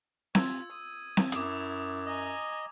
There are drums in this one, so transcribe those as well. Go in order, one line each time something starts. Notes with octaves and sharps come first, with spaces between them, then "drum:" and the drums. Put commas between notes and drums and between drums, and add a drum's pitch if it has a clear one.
F4 E6 G#6, drum: snare C4
D#6
drum: snare C4
F#2 E4 D6 D#6, drum: hi-hat
D#5 G#5 A#5